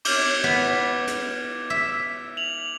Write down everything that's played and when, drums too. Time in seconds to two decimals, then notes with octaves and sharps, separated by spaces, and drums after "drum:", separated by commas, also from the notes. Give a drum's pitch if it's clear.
0.05 D6 F6 G#6, drum: cymbal
0.44 B3
1.07 drum: hi-hat
1.70 E5
2.37 F7 F#7